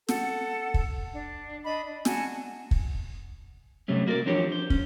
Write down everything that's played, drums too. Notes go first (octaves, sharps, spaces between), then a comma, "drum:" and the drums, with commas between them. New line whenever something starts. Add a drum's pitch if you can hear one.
A4 F#5, drum: snare
drum: kick
D4
D4 D#5 B5
D4
F#4 G#5 A5, drum: snare
drum: kick
C3 F#3 G3 A3 C#4
A#3 E4 F#4 A#4 D5
E3 F3 D4 F#4 G4 C#5
C5
C#4, drum: kick